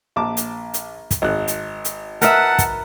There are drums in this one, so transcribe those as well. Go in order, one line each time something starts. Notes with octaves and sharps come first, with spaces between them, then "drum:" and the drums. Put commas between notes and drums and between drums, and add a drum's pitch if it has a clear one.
A#1 A5 D6
drum: hi-hat
drum: hi-hat
drum: kick, hi-hat
G#1 F#6
drum: hi-hat
drum: hi-hat
A#4 B4 E5 F#5 A5, drum: hi-hat
drum: kick, hi-hat